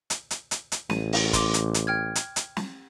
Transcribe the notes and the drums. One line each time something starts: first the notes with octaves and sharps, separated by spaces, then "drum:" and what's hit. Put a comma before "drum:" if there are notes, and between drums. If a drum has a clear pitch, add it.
drum: hi-hat
drum: hi-hat
drum: hi-hat
drum: hi-hat
A1 D#7, drum: snare
drum: open hi-hat
C6 D6, drum: kick, hi-hat
drum: hi-hat
drum: hi-hat
G5 F6 G#6
drum: hi-hat
drum: hi-hat
drum: snare